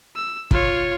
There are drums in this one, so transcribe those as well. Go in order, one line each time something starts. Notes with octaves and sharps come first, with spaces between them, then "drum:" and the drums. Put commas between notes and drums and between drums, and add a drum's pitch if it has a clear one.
E6
F4 C#5, drum: kick